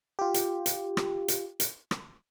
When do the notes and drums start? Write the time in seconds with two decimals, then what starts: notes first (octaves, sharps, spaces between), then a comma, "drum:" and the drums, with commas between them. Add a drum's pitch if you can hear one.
0.19 F4 G4
0.34 drum: hi-hat
0.66 drum: hi-hat
0.97 drum: rim click
1.28 drum: hi-hat
1.60 drum: hi-hat
1.91 drum: rim click